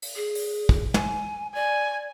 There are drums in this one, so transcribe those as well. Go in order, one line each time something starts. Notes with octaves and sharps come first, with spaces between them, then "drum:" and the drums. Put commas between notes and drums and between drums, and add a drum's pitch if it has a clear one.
drum: open hi-hat
G#4
drum: open hi-hat
drum: kick
G#5, drum: tom
D5 G#5